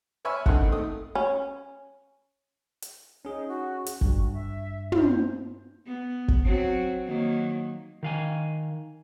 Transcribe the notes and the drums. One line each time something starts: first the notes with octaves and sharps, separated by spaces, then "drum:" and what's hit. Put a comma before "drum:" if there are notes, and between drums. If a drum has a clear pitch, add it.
B4 C#5 E5 G#5 B5 F6
G2 D#3 C4 D#4 A4 F#5, drum: kick G1
A3 D#4 D#6
C#4
drum: hi-hat
C#4 D#4 G#4
F#4
drum: hi-hat
G2 F#4, drum: kick G1
E5
C5, drum: tom
B3
drum: kick G1
F#3 C4 F#4
D#3 F#3 A#3
D#3 F5 G#5